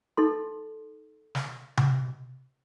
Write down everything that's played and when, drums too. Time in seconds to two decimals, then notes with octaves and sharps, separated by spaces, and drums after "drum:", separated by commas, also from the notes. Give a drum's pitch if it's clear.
0.17 D#4 A4 C6
1.35 drum: snare
1.77 drum: tom C3